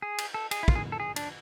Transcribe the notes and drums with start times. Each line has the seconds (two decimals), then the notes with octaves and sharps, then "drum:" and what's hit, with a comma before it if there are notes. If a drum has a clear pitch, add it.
0.02 G#4
0.18 drum: cymbal
0.34 A4
0.51 G#4, drum: cymbal
0.63 E4
0.68 F4, drum: kick
0.75 G#4
0.92 A4
1.00 G#4
1.16 D4, drum: cymbal